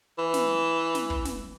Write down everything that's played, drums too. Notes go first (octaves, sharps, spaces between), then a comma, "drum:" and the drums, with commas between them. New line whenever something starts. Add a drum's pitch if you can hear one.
E3
drum: snare
drum: snare
drum: kick
drum: snare